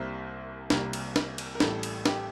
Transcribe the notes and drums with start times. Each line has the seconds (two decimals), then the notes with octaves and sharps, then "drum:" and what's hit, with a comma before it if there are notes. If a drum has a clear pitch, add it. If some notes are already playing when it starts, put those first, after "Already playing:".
Already playing: C2 C3 G3 A#3 C5 E5
0.70 C2 C3 G3 A#3, drum: snare
0.93 drum: cymbal
1.16 drum: snare
1.38 drum: cymbal
1.55 A#4
1.60 A1 A2 G3 A4, drum: snare
1.83 drum: cymbal
2.06 G4, drum: snare